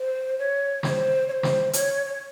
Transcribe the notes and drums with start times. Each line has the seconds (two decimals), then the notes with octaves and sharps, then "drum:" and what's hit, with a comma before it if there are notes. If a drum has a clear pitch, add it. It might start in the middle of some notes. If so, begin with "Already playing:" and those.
Already playing: C5
0.39 C#5
0.83 C#5, drum: snare
0.88 C5
1.28 C#5
1.32 C5
1.43 drum: snare
1.73 C#5, drum: hi-hat
2.06 C#5